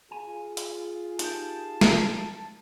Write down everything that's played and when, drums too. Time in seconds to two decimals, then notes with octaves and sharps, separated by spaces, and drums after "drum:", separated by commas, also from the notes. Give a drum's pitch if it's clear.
0.11 F4 G#4 G#5
0.57 drum: hi-hat
1.19 D#4 G4 A#4 A5, drum: hi-hat
1.81 drum: snare